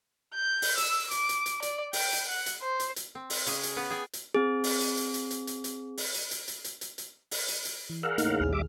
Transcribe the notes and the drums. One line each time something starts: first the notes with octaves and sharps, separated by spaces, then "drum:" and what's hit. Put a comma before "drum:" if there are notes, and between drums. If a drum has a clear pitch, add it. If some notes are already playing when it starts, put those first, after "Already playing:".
G6
drum: open hi-hat
E6, drum: hi-hat
D6, drum: hi-hat
drum: hi-hat
drum: hi-hat
D5, drum: hi-hat
G5, drum: open hi-hat
drum: hi-hat
F#5
drum: hi-hat
C5
drum: hi-hat
drum: hi-hat
C4
drum: open hi-hat
C#3 C#4 G#4, drum: hi-hat
drum: hi-hat
B3 C#4 B4 F5
G#4 D5 G5 G#5
drum: hi-hat
C4 G#4
drum: open hi-hat
drum: hi-hat
drum: hi-hat
drum: hi-hat
drum: hi-hat
drum: hi-hat
drum: hi-hat
drum: open hi-hat
drum: hi-hat
drum: hi-hat
drum: hi-hat
drum: hi-hat
drum: hi-hat
drum: hi-hat
drum: open hi-hat
drum: hi-hat
drum: hi-hat
E3
G#4 A#4 D5 F5 F#5 E6
E2 A2 C#3 A3 A#3 D#4, drum: hi-hat
A#1 D#2 G#4 F6
G3 E5 D6